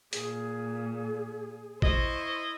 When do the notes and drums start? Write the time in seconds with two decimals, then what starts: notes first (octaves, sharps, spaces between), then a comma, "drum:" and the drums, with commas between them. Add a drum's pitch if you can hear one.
0.13 A#2 G#4, drum: hi-hat
1.82 E4 C5 D#5 C#6, drum: kick